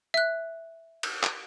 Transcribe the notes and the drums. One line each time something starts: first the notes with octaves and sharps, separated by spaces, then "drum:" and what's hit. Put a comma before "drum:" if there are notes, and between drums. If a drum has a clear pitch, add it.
E5 F#6
drum: cymbal
drum: clap